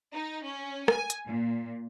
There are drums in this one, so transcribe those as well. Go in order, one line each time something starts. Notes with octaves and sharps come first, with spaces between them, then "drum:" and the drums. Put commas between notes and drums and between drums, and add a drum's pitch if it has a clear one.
D#4
C#4
G#5, drum: rim click
drum: hi-hat
A#2